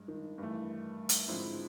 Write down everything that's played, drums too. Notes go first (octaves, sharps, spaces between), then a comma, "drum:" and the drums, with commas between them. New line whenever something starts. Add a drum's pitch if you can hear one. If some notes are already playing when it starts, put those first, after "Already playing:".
Already playing: G2 G#3
D#3
G2 E3 A3
drum: hi-hat
G#2 D3 F3 G#3 C4 E4